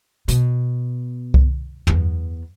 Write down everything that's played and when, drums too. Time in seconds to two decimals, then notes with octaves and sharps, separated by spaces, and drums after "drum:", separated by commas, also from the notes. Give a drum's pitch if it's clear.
0.28 B2, drum: hi-hat
1.34 drum: kick C2
1.87 E2 B3, drum: tom